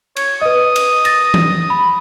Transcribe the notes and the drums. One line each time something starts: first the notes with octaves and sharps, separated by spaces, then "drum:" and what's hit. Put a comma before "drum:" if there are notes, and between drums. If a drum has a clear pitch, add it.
C#5, drum: cymbal
B4 D#5 D#6
drum: cymbal
A6 A#6, drum: cymbal
drum: tom E3
B5